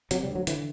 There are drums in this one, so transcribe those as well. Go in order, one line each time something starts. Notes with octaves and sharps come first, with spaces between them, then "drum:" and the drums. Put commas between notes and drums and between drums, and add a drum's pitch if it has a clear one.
C3 F#3, drum: hi-hat
G3
D2
F#3
D3 E3, drum: hi-hat